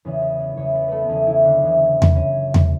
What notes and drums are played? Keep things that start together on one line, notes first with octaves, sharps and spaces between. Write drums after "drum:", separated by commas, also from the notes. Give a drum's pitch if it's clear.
E2 C#3 E3 C#4
C#4
B3 B4
E2 C#3 E3 C#4 C#5
B3 B4
A3 A4 B4
B3
E2 C#3 E3 C#4
E3 E4
D3 D4
E2 C#3 E3
drum: tom E2
F#2 E3 C#4
drum: tom E2